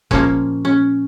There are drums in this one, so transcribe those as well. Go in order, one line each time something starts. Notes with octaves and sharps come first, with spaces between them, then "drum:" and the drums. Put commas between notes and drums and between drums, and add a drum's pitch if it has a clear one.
A#2 F3 A#3 C#4, drum: kick F1
C#4